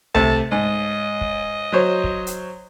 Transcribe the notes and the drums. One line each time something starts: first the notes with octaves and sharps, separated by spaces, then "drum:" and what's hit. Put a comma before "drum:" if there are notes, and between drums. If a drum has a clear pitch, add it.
C3 A3 A5, drum: tom C2
G#2 D#5
drum: kick
F#3 C5 C#5
drum: kick
drum: hi-hat